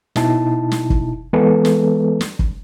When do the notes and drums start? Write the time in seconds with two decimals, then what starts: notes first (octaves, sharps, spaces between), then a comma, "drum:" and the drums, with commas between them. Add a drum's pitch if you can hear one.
0.16 B2 D#4 E4 A5, drum: snare
0.71 drum: snare
0.90 drum: kick
1.33 E3 G#3 B3 G#4 A4 B4
1.65 drum: snare
2.21 drum: snare
2.39 drum: kick